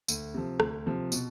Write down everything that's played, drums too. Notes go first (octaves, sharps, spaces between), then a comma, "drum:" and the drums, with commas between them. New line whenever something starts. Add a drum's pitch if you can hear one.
D2, drum: tambourine
C3 F3
D2, drum: rim click
C3 F3
B2, drum: tambourine